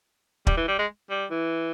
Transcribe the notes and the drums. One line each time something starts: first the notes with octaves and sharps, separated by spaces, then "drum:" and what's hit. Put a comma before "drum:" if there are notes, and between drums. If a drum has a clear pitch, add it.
G3, drum: kick
E3
G3
G#3
G3
E3